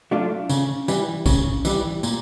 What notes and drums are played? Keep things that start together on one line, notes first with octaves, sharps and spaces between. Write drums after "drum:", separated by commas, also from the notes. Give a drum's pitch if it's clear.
F#3 A3 D4 F4
C#3, drum: tambourine
E3 G3, drum: tambourine
C#3, drum: kick B1, tambourine
E3 G3, drum: tambourine
A#2, drum: tambourine